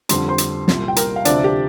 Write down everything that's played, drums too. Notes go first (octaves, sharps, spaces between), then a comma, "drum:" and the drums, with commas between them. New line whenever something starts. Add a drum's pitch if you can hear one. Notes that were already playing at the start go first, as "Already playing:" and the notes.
F2 D3 G3 C6, drum: hi-hat
C5 C6
drum: hi-hat
C2 A#2 G3, drum: snare
G5
A#4 A#5, drum: hi-hat
F5
D2 C3 F3 D4 D5, drum: hi-hat
G4